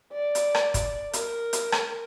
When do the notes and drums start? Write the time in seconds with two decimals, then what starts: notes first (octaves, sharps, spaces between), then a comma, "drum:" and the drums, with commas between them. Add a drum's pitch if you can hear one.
0.13 D5
0.35 drum: hi-hat
0.55 drum: rim click
0.74 drum: kick, hi-hat
1.13 A#4, drum: hi-hat
1.53 drum: hi-hat
1.72 drum: rim click